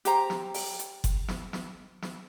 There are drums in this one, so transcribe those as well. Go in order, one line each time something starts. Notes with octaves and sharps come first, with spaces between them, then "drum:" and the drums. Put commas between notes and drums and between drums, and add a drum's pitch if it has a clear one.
G4 C5 A#5, drum: hi-hat
drum: snare
drum: open hi-hat
drum: hi-hat
drum: kick F#1, hi-hat
drum: snare
drum: snare
drum: snare